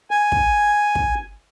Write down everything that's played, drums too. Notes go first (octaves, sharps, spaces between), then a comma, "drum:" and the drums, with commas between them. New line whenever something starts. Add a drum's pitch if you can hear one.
G#5
drum: kick
drum: kick